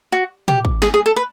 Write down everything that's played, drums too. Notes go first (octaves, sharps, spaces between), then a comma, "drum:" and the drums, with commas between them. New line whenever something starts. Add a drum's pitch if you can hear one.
F#4
G4, drum: tom
drum: kick
G#4, drum: snare
G#4
A4
B4